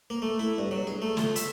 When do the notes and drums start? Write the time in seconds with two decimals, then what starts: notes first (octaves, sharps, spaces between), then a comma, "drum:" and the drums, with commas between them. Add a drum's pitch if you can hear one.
0.10 A#3
0.22 A3
0.39 E4
0.58 G2
0.71 F#3
0.87 G#4
1.02 A3
1.17 F4, drum: snare
1.36 E5, drum: hi-hat